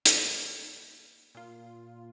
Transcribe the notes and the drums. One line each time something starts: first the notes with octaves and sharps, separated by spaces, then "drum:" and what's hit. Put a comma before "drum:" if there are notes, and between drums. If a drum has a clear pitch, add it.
A#2 A4, drum: hi-hat
A#2 F4